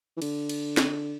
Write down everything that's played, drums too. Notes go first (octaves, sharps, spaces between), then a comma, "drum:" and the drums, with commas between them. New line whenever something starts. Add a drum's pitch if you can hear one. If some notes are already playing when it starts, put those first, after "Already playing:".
E3
D3, drum: cymbal
drum: cymbal
drum: snare